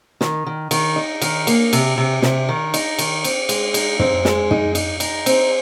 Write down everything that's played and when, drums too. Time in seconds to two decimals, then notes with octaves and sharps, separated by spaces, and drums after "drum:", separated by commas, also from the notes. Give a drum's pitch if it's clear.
0.21 D#3, drum: snare
0.47 D#3
0.71 D#3, drum: cymbal
0.96 D#4
1.22 D#3, drum: cymbal
1.47 A#3, drum: cymbal
1.73 C3, drum: cymbal
1.98 C3
2.22 C3, drum: snare
2.49 D#3
2.74 D#4, drum: cymbal
2.99 D#3, drum: cymbal
3.24 C4, drum: cymbal
3.49 G#3, drum: cymbal
3.74 D#4, drum: cymbal
3.99 C4, drum: tom
4.25 G#3, drum: snare
4.51 D#4, drum: tom
4.75 D#4, drum: cymbal
5.00 D#4, drum: cymbal
5.26 C4, drum: cymbal